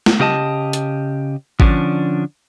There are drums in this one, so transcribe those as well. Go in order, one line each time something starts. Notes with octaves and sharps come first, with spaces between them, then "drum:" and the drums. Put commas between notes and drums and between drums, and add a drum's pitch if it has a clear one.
drum: snare
C#3 G4 D#5 A5
drum: hi-hat
D3 F3 C#4 D4, drum: kick G#1